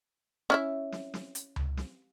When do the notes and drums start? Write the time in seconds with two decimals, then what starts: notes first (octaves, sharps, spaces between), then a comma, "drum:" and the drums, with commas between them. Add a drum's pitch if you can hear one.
0.50 C#4 E4 E5
0.92 drum: snare
1.14 drum: snare
1.35 drum: hi-hat
1.56 drum: tom C#2
1.77 drum: snare